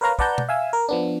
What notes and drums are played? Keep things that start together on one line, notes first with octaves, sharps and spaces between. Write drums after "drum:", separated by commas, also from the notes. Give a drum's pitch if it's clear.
A#4 B4 C#5 F5 A#5
B4 D5 F#5 A5 A#5 G6, drum: kick
drum: tom B2
E5 F5 G#5 E6
A#4
F3 B3 D4